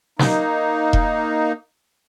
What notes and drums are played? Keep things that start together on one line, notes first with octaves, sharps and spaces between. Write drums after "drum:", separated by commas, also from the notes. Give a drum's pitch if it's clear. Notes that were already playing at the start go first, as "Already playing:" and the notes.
A#3 D#4, drum: snare
drum: kick E1